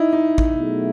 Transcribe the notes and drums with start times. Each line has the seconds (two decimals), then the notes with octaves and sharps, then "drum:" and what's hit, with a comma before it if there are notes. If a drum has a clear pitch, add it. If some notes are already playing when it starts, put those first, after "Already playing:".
Already playing: D#4 E4
0.13 D#4
0.38 drum: kick
0.55 B2 F#3 A3 E4 G#4